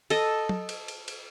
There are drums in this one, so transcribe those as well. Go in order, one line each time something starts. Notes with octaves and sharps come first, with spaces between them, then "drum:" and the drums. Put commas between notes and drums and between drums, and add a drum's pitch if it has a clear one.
A4 D#5, drum: cymbal
drum: tom F#3
drum: cymbal
drum: cymbal
drum: cymbal